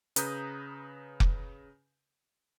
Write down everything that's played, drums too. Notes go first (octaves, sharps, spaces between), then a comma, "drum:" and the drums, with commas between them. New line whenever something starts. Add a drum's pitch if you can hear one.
C#3 B4 A#5 D#6 G6, drum: hi-hat
drum: kick F1